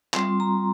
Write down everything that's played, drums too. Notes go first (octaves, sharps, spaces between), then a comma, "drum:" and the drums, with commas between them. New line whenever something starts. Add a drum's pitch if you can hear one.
G3 C4 F4 C6, drum: clap
A#5